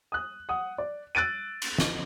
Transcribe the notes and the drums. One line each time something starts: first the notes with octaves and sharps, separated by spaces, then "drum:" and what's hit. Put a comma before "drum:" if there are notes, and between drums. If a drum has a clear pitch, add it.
D#6 F#6
F#5 D#6
D5
E6 F#6 A6 D7 D#7
drum: cymbal
drum: snare